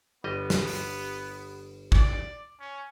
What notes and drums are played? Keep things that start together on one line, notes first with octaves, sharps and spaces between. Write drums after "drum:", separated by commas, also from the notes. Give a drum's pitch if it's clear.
G1 G3 B3 D#5
drum: snare
drum: open hi-hat
D5, drum: kick
C#4